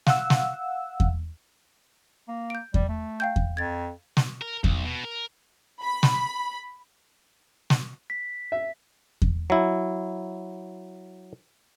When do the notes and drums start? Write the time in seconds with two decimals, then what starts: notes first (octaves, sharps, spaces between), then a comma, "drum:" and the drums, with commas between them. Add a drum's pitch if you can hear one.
0.07 F5 F#5 E6, drum: snare
0.30 drum: snare
1.00 drum: kick E2
2.28 A#3
2.50 G6 D7
2.74 G3, drum: kick E2
2.89 A3
3.20 F5 G5 G6
3.36 drum: kick E2
3.57 F2 G#6 A6
4.17 drum: snare
4.42 A#4
4.64 B1, drum: kick E2
4.85 B2
5.04 A#4
5.83 B5
6.03 drum: snare
7.70 drum: snare
8.10 B6
8.52 E5
9.22 drum: kick E2
9.50 F#3 E4